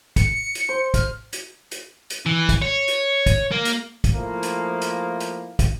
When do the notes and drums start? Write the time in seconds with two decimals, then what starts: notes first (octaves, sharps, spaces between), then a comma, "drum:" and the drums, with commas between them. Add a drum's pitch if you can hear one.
0.16 C#7, drum: kick, hi-hat
0.55 drum: hi-hat
0.69 C5
0.94 F6, drum: kick, hi-hat
1.33 drum: hi-hat
1.71 drum: hi-hat
2.10 drum: hi-hat
2.26 E3
2.49 drum: kick, hi-hat
2.62 C#5
2.88 drum: hi-hat
3.26 drum: kick, hi-hat
3.52 A#3
3.65 drum: hi-hat
4.04 drum: kick, hi-hat
4.14 F3 A3 A#3 E4
4.43 drum: hi-hat
4.81 drum: hi-hat
5.20 drum: hi-hat
5.59 drum: kick, hi-hat